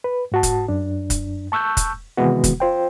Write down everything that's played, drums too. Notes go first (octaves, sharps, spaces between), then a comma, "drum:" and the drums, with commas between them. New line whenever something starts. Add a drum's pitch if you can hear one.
B4
G#2 F#4 A5
drum: kick, hi-hat
F#2 D4
drum: kick, hi-hat
A5 C#6 E6 F#6 G6
drum: kick, hi-hat
C3 D#3 E3 G#3 B3 F#4
drum: kick, hi-hat
F4 C5 G5